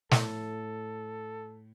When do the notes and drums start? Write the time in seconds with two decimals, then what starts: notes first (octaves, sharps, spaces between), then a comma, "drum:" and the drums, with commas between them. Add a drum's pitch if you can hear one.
0.11 A2 A4, drum: snare